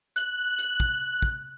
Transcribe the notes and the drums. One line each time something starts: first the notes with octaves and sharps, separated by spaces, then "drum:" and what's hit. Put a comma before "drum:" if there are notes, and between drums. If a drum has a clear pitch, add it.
F#6, drum: hi-hat
drum: hi-hat
drum: kick
drum: kick